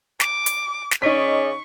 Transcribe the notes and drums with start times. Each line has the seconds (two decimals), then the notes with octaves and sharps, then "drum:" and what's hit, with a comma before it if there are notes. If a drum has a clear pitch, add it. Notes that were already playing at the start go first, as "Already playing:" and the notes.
0.20 D6, drum: snare
0.46 drum: hi-hat
0.91 drum: snare
1.02 C#3 C#4 D#4 D5 C#6 B6